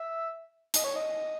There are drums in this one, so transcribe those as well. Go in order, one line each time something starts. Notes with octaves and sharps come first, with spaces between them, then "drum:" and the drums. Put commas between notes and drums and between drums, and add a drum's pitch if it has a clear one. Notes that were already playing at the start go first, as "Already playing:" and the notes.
Already playing: E5
D#5, drum: hi-hat
C#5
D#5